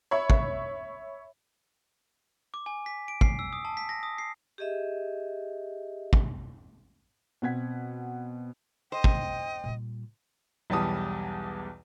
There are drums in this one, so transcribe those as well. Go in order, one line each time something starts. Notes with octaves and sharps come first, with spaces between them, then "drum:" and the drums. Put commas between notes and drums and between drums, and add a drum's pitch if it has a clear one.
C#5 E5 B5
drum: kick
D6
G#5
B6
D7
C7, drum: kick
E6
D#6
A5
B6
A#6
D#6
C7
G4 G#4 D#5 E5
drum: kick
B2 C4 F#5 G#6 B6
C5 D#5 G5
drum: kick
A#2 G3
B1 E2 G3 A5 D#6